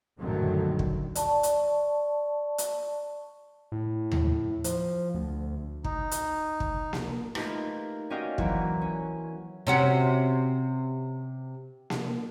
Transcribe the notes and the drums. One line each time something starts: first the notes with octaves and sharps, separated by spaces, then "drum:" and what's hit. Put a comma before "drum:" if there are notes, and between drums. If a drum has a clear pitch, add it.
A#1 F#2 A2 D3 D#3 F#3
drum: kick
D5 A5 C#6, drum: hi-hat
drum: hi-hat
drum: hi-hat
A2
drum: tom D#2
F3, drum: hi-hat
D2
D#4, drum: kick
drum: hi-hat
drum: kick
drum: snare A#3
A3 A#3 D#4 F4 G4 B4, drum: rim click
C#4 F#4 D5 D#5 F5 G5
E3 F#3 A#3 C4 E4 F#4, drum: kick
C#4
C3 C#4 F#4
drum: snare A#3